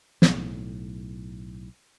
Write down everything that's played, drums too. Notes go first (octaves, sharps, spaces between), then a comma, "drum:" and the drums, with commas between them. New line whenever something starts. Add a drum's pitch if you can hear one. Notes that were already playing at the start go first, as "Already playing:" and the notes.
B1 A2, drum: snare